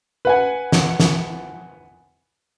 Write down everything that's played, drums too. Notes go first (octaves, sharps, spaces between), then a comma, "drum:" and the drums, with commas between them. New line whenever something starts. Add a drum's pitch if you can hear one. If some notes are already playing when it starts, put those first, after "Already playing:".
B4 F#5 G#5
drum: snare
drum: snare